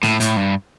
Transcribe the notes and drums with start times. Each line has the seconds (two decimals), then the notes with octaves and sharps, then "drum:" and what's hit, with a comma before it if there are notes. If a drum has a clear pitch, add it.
0.03 A2, drum: snare
0.20 A2, drum: hi-hat
0.37 G2